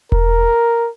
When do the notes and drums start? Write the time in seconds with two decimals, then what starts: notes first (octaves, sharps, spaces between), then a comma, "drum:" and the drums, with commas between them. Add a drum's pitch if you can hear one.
0.12 A#4, drum: kick E1